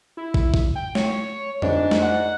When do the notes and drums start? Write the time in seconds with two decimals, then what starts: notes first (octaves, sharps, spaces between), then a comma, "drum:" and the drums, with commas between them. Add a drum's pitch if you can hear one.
0.17 E4
0.34 drum: kick
0.54 drum: kick
0.76 G5
0.95 C#5, drum: snare A3
1.62 G#2 D4, drum: tom F2
1.91 drum: snare A3
2.02 F#5